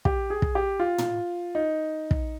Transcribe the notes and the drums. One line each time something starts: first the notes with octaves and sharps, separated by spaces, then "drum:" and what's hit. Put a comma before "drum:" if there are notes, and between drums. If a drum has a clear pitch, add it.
G4, drum: kick
G#4
drum: kick
G4
F4
drum: tom
D#4
drum: kick